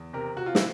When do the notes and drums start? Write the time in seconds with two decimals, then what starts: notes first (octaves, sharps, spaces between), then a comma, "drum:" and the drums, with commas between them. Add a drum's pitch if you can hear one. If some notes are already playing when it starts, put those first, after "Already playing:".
Already playing: E2
0.13 C3 A#4
0.36 C3 F#4
0.46 F4
0.55 E4, drum: snare